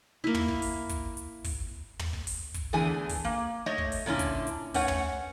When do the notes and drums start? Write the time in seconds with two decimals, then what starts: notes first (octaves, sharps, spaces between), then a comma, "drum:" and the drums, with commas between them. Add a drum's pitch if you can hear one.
0.24 A#3 E4
0.34 drum: tom
0.48 drum: kick
0.62 drum: open hi-hat
0.89 drum: kick, hi-hat
1.17 drum: hi-hat
1.44 drum: kick, open hi-hat
1.99 drum: tom
2.13 drum: kick
2.27 drum: open hi-hat
2.54 drum: kick, hi-hat
2.73 E2 D3 E3 A3 G#4 G#5
3.09 drum: kick, open hi-hat
3.24 A#3
3.66 A3 C#5 D#5
3.78 drum: kick
3.92 drum: open hi-hat
4.06 A#2 D3 C#4 E4
4.19 drum: kick, hi-hat
4.47 drum: hi-hat
4.74 A3 C#4 B4 C#5 F#5, drum: kick, open hi-hat
4.88 drum: tom